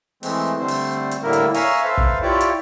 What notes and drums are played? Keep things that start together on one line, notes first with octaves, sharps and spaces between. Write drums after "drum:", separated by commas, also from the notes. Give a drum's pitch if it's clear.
E3 G#3 A3 C4, drum: open hi-hat
D3 G3 A3 C4 C5
drum: open hi-hat
drum: hi-hat
A2 D3 G3 A#3 E4 A#4
drum: hi-hat
C#5 E5 F5 G#5 A#5, drum: open hi-hat
A4 B4 C5 E5 F5
drum: kick
E4 F4 G4 C#5 D5
drum: hi-hat